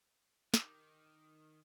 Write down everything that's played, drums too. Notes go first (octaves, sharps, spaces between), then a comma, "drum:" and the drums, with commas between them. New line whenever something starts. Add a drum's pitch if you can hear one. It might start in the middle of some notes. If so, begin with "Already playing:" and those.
D#3 G4, drum: snare